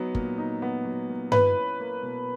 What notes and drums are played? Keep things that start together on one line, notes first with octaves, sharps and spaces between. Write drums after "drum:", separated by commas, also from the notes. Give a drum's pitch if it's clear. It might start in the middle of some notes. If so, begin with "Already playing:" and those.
Already playing: F#3 B3 D#4
A#2, drum: kick
D#4
B3
F#3
A#2
E4 B4, drum: tom G2
C#4
A#3
B2